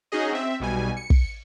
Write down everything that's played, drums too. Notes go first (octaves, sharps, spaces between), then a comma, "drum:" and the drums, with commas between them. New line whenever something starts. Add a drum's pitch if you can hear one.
C#4 D#4 F#4 G#4 D#5
C4 E5
B1 B2 G3 G#5
C#7
drum: kick